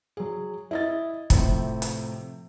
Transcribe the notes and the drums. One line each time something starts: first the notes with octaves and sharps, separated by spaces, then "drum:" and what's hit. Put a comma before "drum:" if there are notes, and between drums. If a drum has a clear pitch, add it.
F#3 G#4
E4 D#5 A6
A2 C3 F3 C4, drum: kick, hi-hat
drum: hi-hat